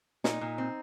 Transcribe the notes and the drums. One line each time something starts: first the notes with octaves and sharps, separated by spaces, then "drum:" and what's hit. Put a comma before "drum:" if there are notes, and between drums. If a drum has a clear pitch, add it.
A#2 D#4, drum: snare
A#2
C4